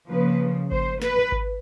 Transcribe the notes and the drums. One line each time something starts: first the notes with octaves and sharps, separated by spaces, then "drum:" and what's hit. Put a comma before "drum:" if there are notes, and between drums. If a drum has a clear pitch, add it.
C#3 F3 A#3 B4
C5, drum: kick G#1
B4, drum: snare
drum: kick G#1